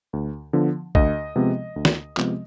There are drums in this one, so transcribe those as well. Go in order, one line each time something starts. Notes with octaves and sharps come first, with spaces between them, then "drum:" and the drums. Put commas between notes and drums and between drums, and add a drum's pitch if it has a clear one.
D2
D3 F3 B3
D2 D#5, drum: kick A1
C3 F3 G#3 B3
D2
drum: snare
C3 F3 G#3 B3, drum: clap